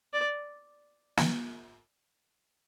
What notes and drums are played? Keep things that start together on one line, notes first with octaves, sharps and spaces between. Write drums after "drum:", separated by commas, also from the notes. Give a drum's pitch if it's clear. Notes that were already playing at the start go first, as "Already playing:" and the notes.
D5
drum: snare